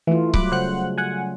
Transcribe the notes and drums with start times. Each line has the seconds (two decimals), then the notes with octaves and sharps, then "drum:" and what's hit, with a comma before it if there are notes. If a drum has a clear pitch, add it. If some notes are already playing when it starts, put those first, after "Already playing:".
0.07 E3 A3 F4
0.34 F#3 G3 B5 D6 F#6, drum: kick C#1
0.52 C#3 C5 F#5 F#6
0.98 F#5 G#5